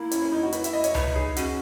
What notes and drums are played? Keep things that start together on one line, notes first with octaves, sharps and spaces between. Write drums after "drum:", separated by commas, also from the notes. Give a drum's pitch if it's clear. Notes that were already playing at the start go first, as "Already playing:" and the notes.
Already playing: A#3 E4
C#4, drum: hi-hat
C#4
D#4
F#4
B4, drum: hi-hat
E5, drum: hi-hat
D#5
C#5, drum: hi-hat
D#4 B4, drum: tom C#2
G#4
C#4 F#4, drum: hi-hat